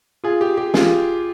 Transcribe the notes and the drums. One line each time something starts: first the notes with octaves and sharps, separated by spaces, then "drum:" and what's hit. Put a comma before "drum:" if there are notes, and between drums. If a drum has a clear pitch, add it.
F4 G#4
G4
G4
F4 G#4, drum: snare